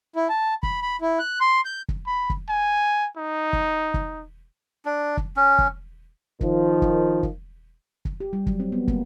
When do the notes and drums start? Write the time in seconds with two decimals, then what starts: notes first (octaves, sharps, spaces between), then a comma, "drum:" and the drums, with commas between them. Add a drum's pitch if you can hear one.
0.16 E4
0.29 A5
0.63 B5, drum: kick
0.82 B5
1.01 E4
1.19 F#6
1.41 C6
1.65 G6
1.89 drum: kick
2.07 B5
2.30 drum: kick
2.49 G#5
3.17 D#4
3.53 drum: kick
3.94 drum: kick
4.85 D4
5.17 drum: kick
5.36 C#4
5.58 drum: kick
6.41 D#3 F3, drum: kick
6.82 drum: kick
7.23 drum: kick
8.05 drum: kick
8.20 G4
8.33 G3
8.46 F#3, drum: kick
8.60 C4
8.72 B3
8.88 A#3, drum: kick